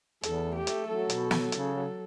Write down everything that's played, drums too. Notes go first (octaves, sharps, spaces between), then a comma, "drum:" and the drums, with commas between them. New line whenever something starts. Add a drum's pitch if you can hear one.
E2 A4, drum: hi-hat
A3
G4
A3, drum: hi-hat
F#3 A4
B2, drum: hi-hat
F#3, drum: snare
C#3, drum: hi-hat
F#3